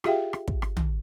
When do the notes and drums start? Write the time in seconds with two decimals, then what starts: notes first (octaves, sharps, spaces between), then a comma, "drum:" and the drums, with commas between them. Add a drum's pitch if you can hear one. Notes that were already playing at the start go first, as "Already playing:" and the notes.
0.04 F4 G4 G#4 E5 F5 G5, drum: rim click
0.33 drum: rim click
0.48 drum: kick
0.62 drum: rim click
0.77 drum: tom